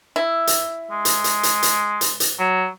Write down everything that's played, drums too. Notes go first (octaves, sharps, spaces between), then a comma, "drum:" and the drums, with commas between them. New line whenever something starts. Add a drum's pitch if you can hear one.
E4
drum: hi-hat
G#3
drum: hi-hat
drum: hi-hat
drum: hi-hat
drum: hi-hat
drum: hi-hat
drum: hi-hat
F#3